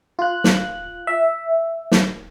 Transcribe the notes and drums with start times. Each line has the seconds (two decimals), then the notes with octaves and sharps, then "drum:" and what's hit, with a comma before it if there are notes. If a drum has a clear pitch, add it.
0.19 F4 F#6
0.44 drum: snare
1.07 E5
1.91 drum: snare